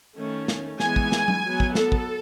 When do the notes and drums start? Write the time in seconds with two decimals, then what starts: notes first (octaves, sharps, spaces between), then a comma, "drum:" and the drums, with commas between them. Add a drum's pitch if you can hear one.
0.17 D#3 A3 C#4
0.48 drum: snare
0.80 E3 G#3 B3 G#5, drum: snare
0.96 drum: kick
1.12 drum: snare
1.28 drum: tom F#3
1.43 F#3 B3
1.60 drum: kick
1.75 A4, drum: snare
1.92 drum: kick